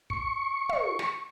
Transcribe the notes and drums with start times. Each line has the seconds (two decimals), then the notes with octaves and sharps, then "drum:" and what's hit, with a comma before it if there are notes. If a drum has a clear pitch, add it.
0.10 C#6, drum: kick
0.69 drum: tom
0.99 drum: snare